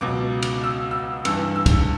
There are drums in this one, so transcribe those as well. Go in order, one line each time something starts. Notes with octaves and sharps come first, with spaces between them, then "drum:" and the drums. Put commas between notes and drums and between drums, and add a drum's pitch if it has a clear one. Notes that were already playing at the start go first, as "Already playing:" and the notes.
C#2 B2 F#3 D6
drum: cymbal
E6
E6
G2 E3 E6, drum: cymbal
E6
drum: kick, cymbal